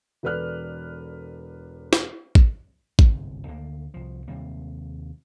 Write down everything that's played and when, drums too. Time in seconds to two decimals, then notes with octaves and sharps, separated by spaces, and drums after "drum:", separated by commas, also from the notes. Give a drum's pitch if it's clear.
0.23 E1 A4 B4 D5 F6 F#6
1.93 drum: snare
2.35 drum: kick A1
2.99 G1 C2 G#2, drum: kick A1
3.47 D2 D3 A#3
3.94 C2 F3
4.28 D#2 C3 G3 A#3